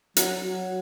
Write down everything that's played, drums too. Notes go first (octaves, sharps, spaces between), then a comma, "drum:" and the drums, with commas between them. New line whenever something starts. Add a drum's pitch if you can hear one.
F#3, drum: hi-hat
F#3